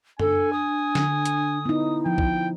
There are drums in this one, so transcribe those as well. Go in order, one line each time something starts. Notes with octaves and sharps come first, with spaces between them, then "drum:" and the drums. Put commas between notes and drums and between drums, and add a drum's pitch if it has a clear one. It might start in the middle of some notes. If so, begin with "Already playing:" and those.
D4 A4 G#5, drum: tom F#2
D#6
D3, drum: snare
drum: hi-hat
B3 D#4 E4
F3 G5
drum: kick